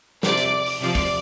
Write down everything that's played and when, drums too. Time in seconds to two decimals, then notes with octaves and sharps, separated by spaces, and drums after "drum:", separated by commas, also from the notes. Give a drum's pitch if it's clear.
0.23 C3 F3 D5, drum: snare
0.37 drum: hi-hat
0.66 drum: open hi-hat
0.80 C3 F3 D5
0.95 drum: kick, open hi-hat